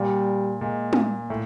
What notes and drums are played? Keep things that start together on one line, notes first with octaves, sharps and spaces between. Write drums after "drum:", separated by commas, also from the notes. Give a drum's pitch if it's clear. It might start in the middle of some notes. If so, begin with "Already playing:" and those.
Already playing: A#2 G3
A#2 G#3
drum: tom
A2